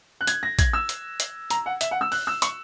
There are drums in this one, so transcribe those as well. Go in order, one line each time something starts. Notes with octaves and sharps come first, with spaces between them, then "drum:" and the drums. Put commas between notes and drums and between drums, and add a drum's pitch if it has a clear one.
F#6
G#6, drum: hi-hat
A#6
G#6, drum: kick, hi-hat
E6
drum: hi-hat
drum: hi-hat
A#5, drum: hi-hat
F#5
E5, drum: hi-hat
F#5
E6
F#6, drum: open hi-hat
E6
C#6, drum: hi-hat